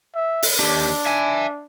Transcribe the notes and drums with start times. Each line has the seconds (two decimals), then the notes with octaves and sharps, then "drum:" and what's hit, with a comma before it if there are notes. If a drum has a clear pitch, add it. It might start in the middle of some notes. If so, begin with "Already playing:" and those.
0.15 E5
0.43 drum: open hi-hat
0.60 D#2 D4 G4
1.06 E5 G#5